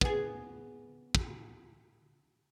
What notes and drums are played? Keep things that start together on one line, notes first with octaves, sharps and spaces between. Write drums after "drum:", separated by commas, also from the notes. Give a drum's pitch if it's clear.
B3 G#4, drum: kick
drum: kick